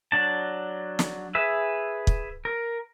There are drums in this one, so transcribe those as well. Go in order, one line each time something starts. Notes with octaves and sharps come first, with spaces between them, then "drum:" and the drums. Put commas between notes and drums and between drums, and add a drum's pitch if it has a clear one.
F#3 D4 A5
drum: snare
G#4 B4 E5
drum: kick
A#4